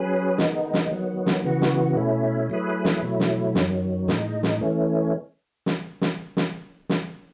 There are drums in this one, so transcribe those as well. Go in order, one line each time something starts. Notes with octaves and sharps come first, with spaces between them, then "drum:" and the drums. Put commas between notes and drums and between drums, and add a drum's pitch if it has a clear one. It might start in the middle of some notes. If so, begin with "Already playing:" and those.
Already playing: F#3 C#4 G#4 B4
D#3 G#3 B3 D#4, drum: snare
drum: snare
D#3 F#3 B3
drum: snare
C#3 E3 B3 F#4
drum: snare
B2 A3 C#4 E4
F#3 A3 E4 G#4 B4
drum: snare
B2 F#3 A3 E4
drum: snare
F#2 D#3 F#3, drum: snare
A2 G#3 D#4, drum: snare
drum: snare
E3 A3 C#4
drum: snare
drum: snare
drum: snare
drum: snare